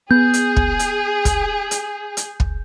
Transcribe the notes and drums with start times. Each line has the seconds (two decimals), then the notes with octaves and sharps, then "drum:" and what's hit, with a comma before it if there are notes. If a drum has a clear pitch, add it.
0.11 B3 G#4 G6
0.34 drum: hi-hat
0.56 drum: kick
0.79 drum: hi-hat
1.25 drum: kick, hi-hat
1.71 drum: hi-hat
2.17 drum: hi-hat
2.40 drum: kick